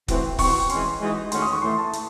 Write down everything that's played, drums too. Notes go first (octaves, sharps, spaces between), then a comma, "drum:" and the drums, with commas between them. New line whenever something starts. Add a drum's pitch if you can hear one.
A2 E3 C4 F#4, drum: kick, hi-hat
E3 C4 F#4 C#6, drum: kick, open hi-hat
E3 G#3 C#4 C6, drum: hi-hat
E3 G#3 D#4 F#4
D#3 A3 C#4 F#4 C6, drum: hi-hat
D#6
C#6
A2 E3 A3 C6
A5
drum: hi-hat